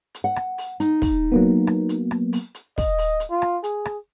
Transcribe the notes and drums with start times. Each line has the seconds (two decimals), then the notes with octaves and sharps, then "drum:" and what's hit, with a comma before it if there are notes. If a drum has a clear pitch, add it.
0.15 drum: hi-hat
0.24 F#5
0.36 drum: rim click
0.58 drum: open hi-hat
0.80 D#4, drum: hi-hat
1.02 drum: kick, open hi-hat
1.32 F#3 A#3 B3
1.67 drum: rim click
1.89 drum: hi-hat
2.11 drum: rim click
2.33 drum: open hi-hat
2.55 drum: hi-hat
2.78 D#5, drum: kick, open hi-hat
2.98 drum: open hi-hat
3.20 drum: hi-hat
3.30 F4
3.42 drum: rim click
3.64 G#4, drum: hi-hat
3.85 drum: rim click